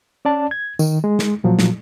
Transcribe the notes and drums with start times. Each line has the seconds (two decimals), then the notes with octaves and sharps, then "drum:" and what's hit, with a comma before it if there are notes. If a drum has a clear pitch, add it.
0.25 C#4 D5 A5
0.51 G#6
0.79 D#3, drum: tambourine
1.04 G#3
1.19 drum: snare
1.44 A#2 F3 F#3
1.59 drum: snare